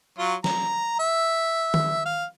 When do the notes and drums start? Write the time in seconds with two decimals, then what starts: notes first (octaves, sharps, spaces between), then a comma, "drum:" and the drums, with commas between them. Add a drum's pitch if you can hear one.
0.18 F#3 F4
0.44 A#5, drum: snare
0.99 E5
1.74 drum: tom D#3
2.06 F5